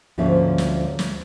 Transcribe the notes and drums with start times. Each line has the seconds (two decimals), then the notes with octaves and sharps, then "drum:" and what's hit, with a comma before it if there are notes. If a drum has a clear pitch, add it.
0.18 D2 G#2 F3 A#3 C#4 E5
0.58 drum: snare
0.99 drum: snare